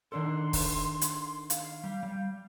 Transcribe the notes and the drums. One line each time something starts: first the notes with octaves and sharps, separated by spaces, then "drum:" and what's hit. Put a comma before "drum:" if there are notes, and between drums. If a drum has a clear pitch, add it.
D#3 D4 A4 C6
drum: kick, open hi-hat
drum: hi-hat
F5, drum: hi-hat
G3
G3